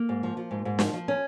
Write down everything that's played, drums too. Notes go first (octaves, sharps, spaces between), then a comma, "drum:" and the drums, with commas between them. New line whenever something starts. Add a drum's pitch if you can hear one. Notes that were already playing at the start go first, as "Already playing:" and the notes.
Already playing: A#3
G#2
F3
F3
G#2
G#2
F3, drum: snare
F3
C#4